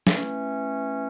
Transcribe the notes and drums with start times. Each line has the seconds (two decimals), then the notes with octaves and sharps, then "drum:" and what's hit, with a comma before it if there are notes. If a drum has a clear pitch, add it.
0.07 E3 A3 C#4, drum: snare